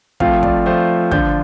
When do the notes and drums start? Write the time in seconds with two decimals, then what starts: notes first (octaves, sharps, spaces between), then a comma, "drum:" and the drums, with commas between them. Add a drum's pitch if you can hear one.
0.20 F3 A3 C4 F4 F5, drum: kick
0.43 D5, drum: kick
0.66 F3 A3 C4 F4 C5
1.11 D3 F3 D4 F4 G6, drum: kick